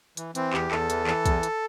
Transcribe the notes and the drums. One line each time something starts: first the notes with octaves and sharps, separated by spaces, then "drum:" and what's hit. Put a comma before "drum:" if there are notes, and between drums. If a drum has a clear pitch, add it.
E3, drum: hi-hat
E3 C4, drum: hi-hat
E2 G4, drum: clap
E2 A4, drum: clap
E3, drum: hi-hat
E3, drum: clap
E2, drum: kick, hi-hat
drum: hi-hat